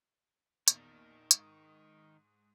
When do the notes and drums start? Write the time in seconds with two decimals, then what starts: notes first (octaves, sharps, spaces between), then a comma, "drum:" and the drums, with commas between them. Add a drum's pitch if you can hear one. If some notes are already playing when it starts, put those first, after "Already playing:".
0.68 A#1 E2 D#3 A6, drum: hi-hat
1.31 G#2 C#6 D#6, drum: hi-hat